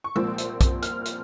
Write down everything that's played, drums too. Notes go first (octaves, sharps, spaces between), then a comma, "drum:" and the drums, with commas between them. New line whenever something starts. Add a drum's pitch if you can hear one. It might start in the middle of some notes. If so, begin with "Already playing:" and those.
C#6
C2 A#2 F3 C4 E6, drum: tom G#3
drum: hi-hat
drum: kick, hi-hat
F6, drum: hi-hat
drum: hi-hat